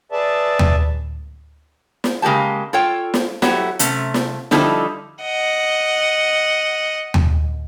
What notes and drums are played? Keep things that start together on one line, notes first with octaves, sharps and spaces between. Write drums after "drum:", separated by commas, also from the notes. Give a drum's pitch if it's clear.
G#4 B4 D5 E5 A5
drum: tom
drum: snare
C#3 G#3 A#3 G4 A5
F4 A4 C#5 G5
drum: snare
F#3 E4 F#4 G4 A4 C#5, drum: snare
C3 F#3 A3 C#4, drum: hi-hat
drum: snare
D3 F3 G3 D#4 E4 A4, drum: snare
D#5 F#5
drum: tom